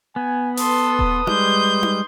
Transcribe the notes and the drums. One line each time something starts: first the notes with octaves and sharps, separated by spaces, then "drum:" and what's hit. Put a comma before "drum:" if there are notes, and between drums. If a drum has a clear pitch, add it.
B3 G#5
A4 B4 C6 D#6, drum: open hi-hat
drum: kick D#1
G3 G#3 C6 G6, drum: tom D#4
drum: tom D#4